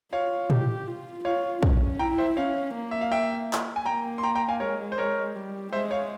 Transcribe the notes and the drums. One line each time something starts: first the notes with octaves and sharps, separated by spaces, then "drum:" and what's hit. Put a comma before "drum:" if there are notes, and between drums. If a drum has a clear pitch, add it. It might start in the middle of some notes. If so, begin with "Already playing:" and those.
F4 C#5 F5
G4, drum: tom
F4
F4 C#5 F5
C#4, drum: kick
E4 G5 A#5
C5 E5
C#4 C#5 F5
A#3
E5
F5
E5 G5
drum: clap
G#5
A#3 G5 A#5
C6
G5 A#5
G5 A#5
F5 G#5
G#3 A#4 C#5
C5
A#4 C#5
G3
G#3 C5 E5
C#5 F5